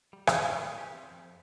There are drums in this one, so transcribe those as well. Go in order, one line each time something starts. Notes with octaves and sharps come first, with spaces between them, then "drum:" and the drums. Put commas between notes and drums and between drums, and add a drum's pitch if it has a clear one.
G3
F5, drum: rim click
A2
G4
C4
F2